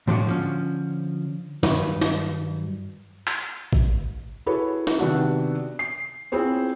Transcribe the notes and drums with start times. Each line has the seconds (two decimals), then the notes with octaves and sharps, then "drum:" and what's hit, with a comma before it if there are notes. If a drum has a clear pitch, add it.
0.08 A2 F3 G#3 D4 F4 F#4
0.26 D3 F3 C#4
1.63 G2 D#3 F#3 B4, drum: snare
2.02 drum: snare
3.27 drum: clap
3.73 drum: kick G#1
4.46 E4 F#4 G#4 A4 B4 C#5
4.87 drum: snare
4.99 C3 D#3 B3 D4 F#4
5.79 C7
6.32 C4 E4 F4 G#4 C5 C#5